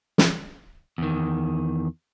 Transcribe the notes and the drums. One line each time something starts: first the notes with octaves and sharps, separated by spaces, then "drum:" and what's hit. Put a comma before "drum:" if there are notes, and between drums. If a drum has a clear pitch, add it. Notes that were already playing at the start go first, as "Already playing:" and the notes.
drum: snare
E2 D#3